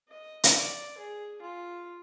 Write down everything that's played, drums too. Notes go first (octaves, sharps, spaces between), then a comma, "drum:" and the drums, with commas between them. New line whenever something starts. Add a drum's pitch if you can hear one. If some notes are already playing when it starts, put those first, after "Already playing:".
D#5
drum: hi-hat
D5
G#4
F4